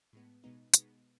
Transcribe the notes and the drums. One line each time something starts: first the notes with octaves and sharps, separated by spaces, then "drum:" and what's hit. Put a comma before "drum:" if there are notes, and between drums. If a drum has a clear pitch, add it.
A2 G#3 B3
B2 G#3 B3 D#4
B2 G#3 B3 D#4, drum: hi-hat